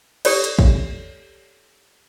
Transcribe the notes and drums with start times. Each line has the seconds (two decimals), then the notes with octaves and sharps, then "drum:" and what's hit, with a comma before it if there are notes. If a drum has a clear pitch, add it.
0.25 G4 A4 C#5 D5, drum: cymbal
0.44 drum: hi-hat
0.59 drum: kick